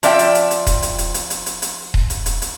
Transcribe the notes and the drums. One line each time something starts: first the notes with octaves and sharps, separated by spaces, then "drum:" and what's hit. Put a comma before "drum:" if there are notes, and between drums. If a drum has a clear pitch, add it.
F3 D5 E5 G5, drum: hi-hat
drum: hi-hat
drum: hi-hat
drum: hi-hat
drum: kick D#1, hi-hat
drum: hi-hat
drum: hi-hat
drum: hi-hat
drum: hi-hat
drum: hi-hat
drum: hi-hat
drum: kick D#1
drum: hi-hat
drum: hi-hat
drum: hi-hat